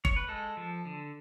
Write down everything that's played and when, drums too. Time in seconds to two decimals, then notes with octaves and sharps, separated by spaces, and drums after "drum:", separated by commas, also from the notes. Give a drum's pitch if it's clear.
0.05 C#5, drum: kick G1
0.16 B4
0.28 G#3 A4
0.57 F3
0.85 D3